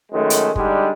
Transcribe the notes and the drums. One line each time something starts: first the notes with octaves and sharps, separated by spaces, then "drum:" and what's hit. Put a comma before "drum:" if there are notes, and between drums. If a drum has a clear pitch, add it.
F#2 D#3 G#3 A3
drum: hi-hat
D3 G3 G#3 D4 D#4, drum: kick